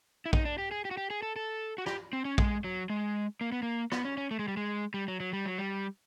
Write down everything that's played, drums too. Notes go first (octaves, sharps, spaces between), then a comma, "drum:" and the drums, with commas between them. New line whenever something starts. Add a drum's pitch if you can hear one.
E4
D#4, drum: kick
D4
G4
G#4
G4
F#4
G4
G#4
A4
A4
F#4
G4, drum: rim click
C4
C#4
G#3, drum: kick
F#3
G#3
A#3
B3
A#3
B3, drum: rim click
C#4
C#4
A3
G#3
G3
G#3
G3
F#3
F#3
G3
F#3
G3